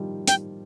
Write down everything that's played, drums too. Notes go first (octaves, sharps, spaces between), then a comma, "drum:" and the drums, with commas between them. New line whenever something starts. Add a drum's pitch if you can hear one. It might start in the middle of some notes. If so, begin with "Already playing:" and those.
Already playing: D#3 F3 G3
G5, drum: hi-hat